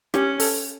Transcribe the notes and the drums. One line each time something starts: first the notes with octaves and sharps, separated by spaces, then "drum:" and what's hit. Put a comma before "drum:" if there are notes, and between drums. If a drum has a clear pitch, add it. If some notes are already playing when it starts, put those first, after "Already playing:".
C#4 G4, drum: rim click
A4, drum: open hi-hat